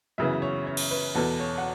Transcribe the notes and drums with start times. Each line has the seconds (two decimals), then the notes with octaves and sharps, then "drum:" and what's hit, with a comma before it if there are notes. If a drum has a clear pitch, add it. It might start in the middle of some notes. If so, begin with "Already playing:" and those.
0.18 F#2 C#3 E3 B3 E5
0.42 C#5
0.67 C#5
0.77 drum: cymbal
0.91 B4
1.15 E2 B2 B3 A4
1.40 C#5
1.58 F#5